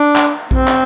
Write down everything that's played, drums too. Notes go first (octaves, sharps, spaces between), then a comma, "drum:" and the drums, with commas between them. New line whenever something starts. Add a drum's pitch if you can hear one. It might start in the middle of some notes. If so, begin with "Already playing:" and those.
Already playing: D4
drum: clap
C4, drum: kick A#1
drum: clap